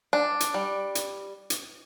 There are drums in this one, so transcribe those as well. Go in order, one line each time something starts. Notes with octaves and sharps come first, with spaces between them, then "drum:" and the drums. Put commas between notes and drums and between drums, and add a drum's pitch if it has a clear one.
D4
drum: hi-hat
G3
drum: hi-hat
drum: hi-hat